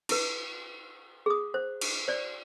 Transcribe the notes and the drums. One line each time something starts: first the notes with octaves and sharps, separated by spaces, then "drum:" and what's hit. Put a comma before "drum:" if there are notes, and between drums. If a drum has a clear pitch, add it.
E4 B4, drum: cymbal
G#4 D#6
C5
drum: cymbal
C5 D5